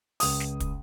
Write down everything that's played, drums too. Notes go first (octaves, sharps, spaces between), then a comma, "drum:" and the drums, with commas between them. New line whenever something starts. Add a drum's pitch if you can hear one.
C#2 D#6, drum: open hi-hat
drum: snare
drum: kick, hi-hat